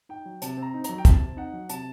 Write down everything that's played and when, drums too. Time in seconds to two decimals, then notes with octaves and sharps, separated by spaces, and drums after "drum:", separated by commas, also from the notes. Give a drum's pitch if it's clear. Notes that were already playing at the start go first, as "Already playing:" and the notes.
0.09 D#4 G5
0.26 F#3
0.42 C3 A5, drum: hi-hat
0.57 C4 A#5
0.74 D#4
0.84 A#5, drum: hi-hat
0.89 F#3
0.98 G5
1.05 C3 A5, drum: kick, hi-hat
1.22 C4
1.37 D#4 F#5
1.53 F#3
1.69 C3 A5, drum: hi-hat